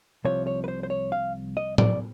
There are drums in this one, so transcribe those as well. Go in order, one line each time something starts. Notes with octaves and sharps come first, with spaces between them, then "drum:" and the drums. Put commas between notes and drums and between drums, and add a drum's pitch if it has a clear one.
C2 C3 F3 C#5
C#5
B4
C5
C5
C#5
F5
D#5
D5, drum: tom A2